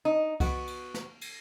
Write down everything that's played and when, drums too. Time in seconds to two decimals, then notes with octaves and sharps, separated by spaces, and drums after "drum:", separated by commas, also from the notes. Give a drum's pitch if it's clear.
0.05 D#4
0.40 B3 F#4, drum: kick C2, cymbal
0.67 drum: cymbal
0.94 drum: snare
1.21 drum: cymbal